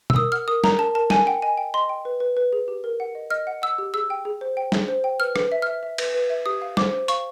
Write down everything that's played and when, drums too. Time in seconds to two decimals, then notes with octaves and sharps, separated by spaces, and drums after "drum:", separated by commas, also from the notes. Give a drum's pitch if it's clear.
0.10 E6, drum: tom B2
0.16 A#4 D#6
0.32 F#5 F6
0.48 A#4 D#6
0.64 A#4 A#5, drum: snare
0.79 A#4 A5
0.95 A#4 A5
1.10 A#4 G#5, drum: snare
1.27 F#5 G5
1.42 D#5 G#5
1.57 G5
1.74 D#5 C6
1.89 G5
2.05 B4
2.20 B4
2.37 B4
2.53 G#4
2.68 G4
2.84 A#4
3.00 F#5
3.15 D#5
3.30 D#5 F6
3.47 F#5
3.62 F#5 E6
3.78 G4
3.94 G#4 E6
4.10 G5
4.25 G#4
4.41 C5
4.57 G5
4.72 G#4, drum: snare
4.88 C5
5.04 G5
5.20 B4 F6
5.36 B4, drum: rim click
5.52 E5
5.62 E5 F6
5.83 E5
5.98 B4, drum: cymbal
6.14 B4
6.30 E5
6.46 G4 D#6
6.62 F5
6.77 C5 D6, drum: snare
6.93 C5
7.08 F5 C#6, drum: hi-hat